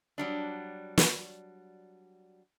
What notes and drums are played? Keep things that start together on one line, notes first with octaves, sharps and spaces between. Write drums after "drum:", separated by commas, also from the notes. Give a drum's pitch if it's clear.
F#3 G3 D4
drum: snare